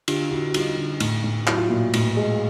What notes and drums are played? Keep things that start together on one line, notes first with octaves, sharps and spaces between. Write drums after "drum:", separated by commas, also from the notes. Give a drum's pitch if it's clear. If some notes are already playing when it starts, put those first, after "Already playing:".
D3 F4 G4, drum: cymbal
D3 E4 F#4
F#4
G3 D#4 F4, drum: cymbal
D3
A2, drum: cymbal
A2
F#3 E4, drum: clap
F4
A#2 E4
A2, drum: cymbal
G#3